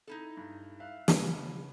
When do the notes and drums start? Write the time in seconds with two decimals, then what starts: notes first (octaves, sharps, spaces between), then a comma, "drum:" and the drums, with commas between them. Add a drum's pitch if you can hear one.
0.07 D#4 E4 A4
0.37 G2
0.80 E5 F5 F#6
1.08 C#3 B3 G#5, drum: snare